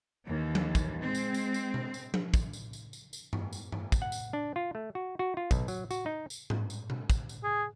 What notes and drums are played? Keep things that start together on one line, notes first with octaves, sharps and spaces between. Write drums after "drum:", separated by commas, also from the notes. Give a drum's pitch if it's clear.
D#2 E3
drum: tom F3
drum: kick, tambourine
G#3 C4
drum: tambourine
drum: tambourine
drum: tambourine
drum: tom B2
drum: tambourine
drum: tom F3
drum: kick, tambourine
drum: tambourine
drum: tambourine
drum: tambourine
drum: tambourine
drum: tom G2
drum: tambourine
drum: tom G2
drum: kick, tambourine
F#5
drum: tambourine
D4
F4
A3
F#4
F#4
F4
B1, drum: kick, tambourine
F#3, drum: tambourine
F#4, drum: tambourine
D#4
drum: tambourine
drum: tom G#2
drum: tambourine
drum: tom B2
drum: kick, tambourine
drum: tambourine
G#4